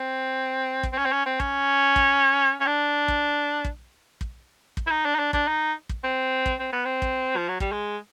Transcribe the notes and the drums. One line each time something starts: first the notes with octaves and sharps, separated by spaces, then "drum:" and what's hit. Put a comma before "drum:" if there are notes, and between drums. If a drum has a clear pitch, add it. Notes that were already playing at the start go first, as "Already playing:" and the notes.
Already playing: C4
drum: kick
C4
C#4
C4
C#4
C4
C#4, drum: kick
drum: kick
C#4
D4
drum: kick
drum: kick
drum: kick
drum: kick
E4
D#4
D4
D#4
D4
D4, drum: kick
D#4
drum: kick
C4
drum: kick
C4
B3
C4
drum: kick
F3
F#3
G3, drum: kick
G#3